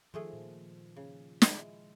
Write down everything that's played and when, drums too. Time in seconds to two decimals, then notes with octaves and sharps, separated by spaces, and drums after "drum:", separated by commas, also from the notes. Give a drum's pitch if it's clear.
0.14 D#3 F3 G#3 A3 G#4
0.33 A#2
0.96 C#3
1.42 G#3 E4, drum: snare